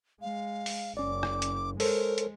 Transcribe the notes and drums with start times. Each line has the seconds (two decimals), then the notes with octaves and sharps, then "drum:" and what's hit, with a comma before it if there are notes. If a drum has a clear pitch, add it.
0.21 G#3 F5
0.66 drum: open hi-hat
0.97 F#1 C#4 D5 D6
1.23 drum: rim click
1.42 drum: hi-hat
1.80 G#3 A4 A#4 C5 C#5, drum: open hi-hat
2.18 drum: hi-hat